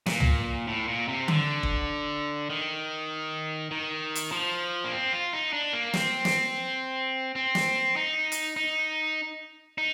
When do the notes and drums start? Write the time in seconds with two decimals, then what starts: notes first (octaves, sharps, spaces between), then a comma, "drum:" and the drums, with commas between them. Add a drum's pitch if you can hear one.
0.06 A#2, drum: snare
0.20 drum: tom C#2
0.67 A2
0.88 A#2
1.08 C3
1.28 D3, drum: tom D3
1.63 drum: kick
2.50 D#3
3.71 D#3
4.15 drum: hi-hat
4.32 F3
4.84 A#3
4.92 C4
5.13 F4
5.33 D#4
5.53 D4
5.73 A#3
5.94 C4, drum: snare
6.25 drum: snare
7.35 C4
7.55 drum: snare
7.96 D#4
8.32 drum: hi-hat
8.56 D#4
9.78 D#4